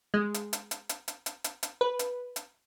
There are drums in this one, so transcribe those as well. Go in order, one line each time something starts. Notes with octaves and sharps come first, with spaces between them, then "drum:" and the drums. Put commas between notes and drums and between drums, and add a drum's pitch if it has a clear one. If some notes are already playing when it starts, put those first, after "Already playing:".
G#3
drum: hi-hat
drum: hi-hat
drum: hi-hat
drum: hi-hat
drum: hi-hat
drum: hi-hat
drum: hi-hat
drum: hi-hat
B4
drum: hi-hat
drum: hi-hat